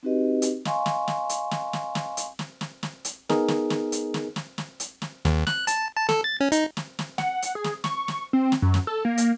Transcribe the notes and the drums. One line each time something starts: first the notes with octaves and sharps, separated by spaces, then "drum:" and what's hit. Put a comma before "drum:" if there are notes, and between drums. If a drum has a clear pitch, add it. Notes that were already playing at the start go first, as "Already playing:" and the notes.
C4 D#4 F#4 G4 B4 D#5
drum: hi-hat
D#5 F5 G#5 C6 C#6, drum: snare
drum: snare
drum: snare
drum: hi-hat
drum: snare
drum: snare
drum: snare
drum: hi-hat
drum: snare
drum: snare
drum: snare
drum: hi-hat
B3 D#4 G#4 A#4, drum: snare
drum: snare
drum: snare
drum: hi-hat
drum: snare
drum: snare
drum: snare
drum: hi-hat
drum: snare
D#2, drum: snare
F#6, drum: snare
A5, drum: hi-hat
A5
A4, drum: snare
A6
C#4
D#4, drum: hi-hat
drum: snare
drum: snare
F#5, drum: snare
drum: hi-hat
G#4
drum: snare
C#6, drum: snare
drum: snare
C4
drum: snare
F#2
drum: snare
A4
A#3
drum: hi-hat